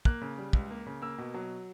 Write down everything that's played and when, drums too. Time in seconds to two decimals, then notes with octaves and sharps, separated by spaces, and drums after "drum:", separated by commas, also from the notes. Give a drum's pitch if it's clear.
0.05 A#3 F#6, drum: kick
0.22 C#3
0.38 G3
0.53 C#2, drum: kick
0.71 A#3
0.87 C#3
1.02 A#3 E6
1.18 B2
1.34 F#3